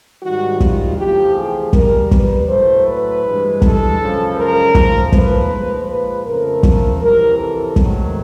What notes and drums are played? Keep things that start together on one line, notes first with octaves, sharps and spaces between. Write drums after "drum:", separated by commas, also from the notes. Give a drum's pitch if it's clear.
G#2 D#3 G3 F#4
F4, drum: kick
E2 C3 F3 A3 G4
G#4
A#2 G3 A#4, drum: kick
B4, drum: kick
A2 F#3 A3 C5
B4
G2 E3 G#3
A4, drum: kick
F#2 C#3 F3 G#3
A#4
G#2 F3 A3, drum: kick
B4, drum: kick
A#2 F3 G#3
B4
F2 C#3 F3 A3 A#4
drum: kick
F2 C3 E3 A#4
A4
G#2 D#3 F#3 A3, drum: kick